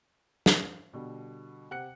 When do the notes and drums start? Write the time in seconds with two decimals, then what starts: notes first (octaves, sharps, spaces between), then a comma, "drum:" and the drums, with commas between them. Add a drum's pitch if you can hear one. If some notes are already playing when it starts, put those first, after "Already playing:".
0.46 drum: snare
0.94 B2 D3 G3
1.71 C3 F#5 F#6 C#7